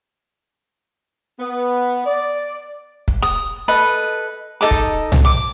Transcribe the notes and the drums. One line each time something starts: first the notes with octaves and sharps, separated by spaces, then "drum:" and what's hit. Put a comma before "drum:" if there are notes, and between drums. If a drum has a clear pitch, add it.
B3
D5
drum: kick
D#6
A4 B4 D#5
D#4 A4 D#5 D6
drum: kick
drum: tom C2
D6